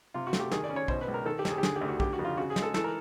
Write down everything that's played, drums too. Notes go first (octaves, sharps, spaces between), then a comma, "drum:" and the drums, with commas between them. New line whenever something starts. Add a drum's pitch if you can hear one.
C3 F4
F#4
A3, drum: snare
G4
D#3 G#4, drum: snare
D5
C#4
C#5
B2 C5, drum: kick
B4
C#2
A#4
D#3 A4
G4
D#2, drum: snare
G#4
G4
D3 G#4, drum: snare
G4
D2
F#4
D3 G4, drum: kick
F#4
F2
F4
C#3 F#4
G#4
G#3, drum: snare
A4
E3 A4, drum: snare
A#4